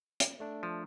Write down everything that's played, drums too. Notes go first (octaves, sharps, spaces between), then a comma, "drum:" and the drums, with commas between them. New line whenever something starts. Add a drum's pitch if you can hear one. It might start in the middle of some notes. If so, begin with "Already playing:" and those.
drum: hi-hat
A3 D4
F3